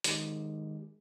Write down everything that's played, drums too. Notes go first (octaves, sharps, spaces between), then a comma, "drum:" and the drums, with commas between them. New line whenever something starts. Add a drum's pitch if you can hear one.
D#3 G#3 D#4 G4, drum: hi-hat